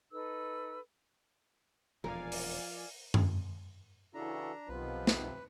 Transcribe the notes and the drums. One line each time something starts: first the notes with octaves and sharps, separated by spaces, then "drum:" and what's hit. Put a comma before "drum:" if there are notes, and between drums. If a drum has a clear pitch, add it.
D#4 A4 B4 E6
E1 D#2 A#2 F3 A#4 D5 F5 G#5
drum: open hi-hat
drum: tom F#2
C#3 E3 D4 E4 F#4 A4 A#5
B1 C3 D#3 F3 B3 F4 B4
drum: snare